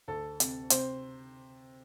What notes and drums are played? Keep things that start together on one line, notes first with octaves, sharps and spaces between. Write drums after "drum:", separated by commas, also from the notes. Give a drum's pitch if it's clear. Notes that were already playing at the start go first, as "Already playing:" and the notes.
D2 A4
C3, drum: hi-hat
C3 C5, drum: hi-hat